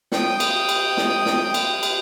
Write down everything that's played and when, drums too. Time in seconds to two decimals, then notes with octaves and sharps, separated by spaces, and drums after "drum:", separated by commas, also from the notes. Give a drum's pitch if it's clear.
0.12 G5 D#6, drum: snare
0.40 drum: cymbal
0.69 drum: cymbal
0.97 drum: snare
1.26 drum: snare
1.54 drum: cymbal
1.83 drum: cymbal